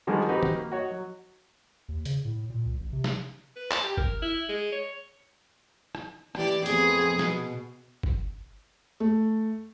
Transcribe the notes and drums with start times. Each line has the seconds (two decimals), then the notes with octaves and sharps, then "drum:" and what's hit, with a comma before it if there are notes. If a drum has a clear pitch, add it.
0.07 B2 D3 D#3 F3 G3 G#3
0.29 C4 D#4 F#4 G4 B4
0.43 drum: tom
0.56 A#3
0.72 F#4 C#5 D#5
0.91 F#3
1.89 D#2
2.05 C#3, drum: hi-hat
2.25 A2
2.50 A#2
2.66 C#2
2.80 A1
2.93 C3
3.04 drum: snare
3.56 B4
3.71 A5, drum: clap
3.84 G4
3.97 A#4, drum: kick G1
4.22 E4
4.49 G#3
4.72 C#5
5.95 drum: rim click
6.35 E3 G4 D5, drum: rim click
6.66 F2 B3 G#4, drum: hi-hat
7.19 B2, drum: snare
8.03 drum: kick G1
9.00 A3